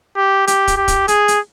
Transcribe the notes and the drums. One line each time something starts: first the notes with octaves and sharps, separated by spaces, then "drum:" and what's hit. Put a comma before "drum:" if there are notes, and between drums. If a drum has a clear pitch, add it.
G4
G4, drum: hi-hat
drum: kick, hi-hat
G4
drum: kick, hi-hat
G#4, drum: hi-hat
drum: hi-hat